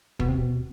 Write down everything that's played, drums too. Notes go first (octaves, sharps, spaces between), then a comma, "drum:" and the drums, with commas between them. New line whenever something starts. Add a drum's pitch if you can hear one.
B2, drum: kick
C3
B2